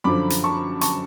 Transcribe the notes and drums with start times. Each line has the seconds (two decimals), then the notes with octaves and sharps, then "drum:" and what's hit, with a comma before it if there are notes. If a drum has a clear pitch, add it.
0.04 F#2 D3 F3 B5 D6
0.30 drum: hi-hat
0.44 A5 C#6
0.81 A5 C#6, drum: hi-hat